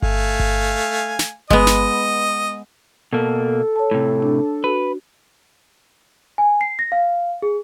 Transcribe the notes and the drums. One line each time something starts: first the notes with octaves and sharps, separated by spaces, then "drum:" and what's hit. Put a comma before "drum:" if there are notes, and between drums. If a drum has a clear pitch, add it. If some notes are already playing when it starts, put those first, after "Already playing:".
A3 F5 G#5, drum: kick G1
drum: kick G1
drum: snare
G#3 B3 D#5, drum: kick G1
drum: snare
B2 A#3 A4
C#5 A5
A2 C3
D4
F#4 B4
G#5
C7
A#6
F5
G#4